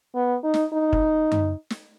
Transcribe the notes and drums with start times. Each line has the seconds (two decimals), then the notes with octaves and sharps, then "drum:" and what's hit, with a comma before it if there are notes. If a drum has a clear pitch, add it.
0.15 B3
0.44 D#4
0.54 drum: snare
0.73 D#4
0.93 drum: kick
1.32 drum: tom F#2
1.70 drum: snare